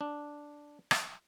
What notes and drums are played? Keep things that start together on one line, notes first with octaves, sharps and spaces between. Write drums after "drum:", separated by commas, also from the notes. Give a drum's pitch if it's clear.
D4
drum: rim click